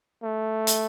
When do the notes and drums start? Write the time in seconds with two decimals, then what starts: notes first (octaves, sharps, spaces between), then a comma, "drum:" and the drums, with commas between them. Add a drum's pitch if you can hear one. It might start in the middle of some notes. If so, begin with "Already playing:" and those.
0.23 A3
0.67 drum: hi-hat